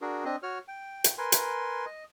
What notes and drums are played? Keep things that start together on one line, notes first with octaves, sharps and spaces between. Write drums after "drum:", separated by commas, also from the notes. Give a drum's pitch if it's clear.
D4 F#4 G#4 A#4
C4 D4 D#5
F#4 C#5 F6
G5
drum: hi-hat
A#4 B4 G#5 C6
drum: hi-hat
D#5